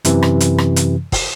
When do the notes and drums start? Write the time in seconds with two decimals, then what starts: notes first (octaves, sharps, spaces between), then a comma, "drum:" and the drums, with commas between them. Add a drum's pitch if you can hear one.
0.05 F#2 C3 E3, drum: hi-hat
0.23 drum: rim click
0.40 drum: hi-hat
0.58 drum: rim click
0.76 drum: hi-hat
1.12 drum: kick, open hi-hat